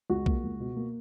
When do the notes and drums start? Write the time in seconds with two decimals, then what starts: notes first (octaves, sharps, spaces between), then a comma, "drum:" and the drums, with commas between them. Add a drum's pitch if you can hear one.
0.10 C#2 F#4
0.26 A#3, drum: kick B1
0.44 C#2
0.60 B2
0.76 A#3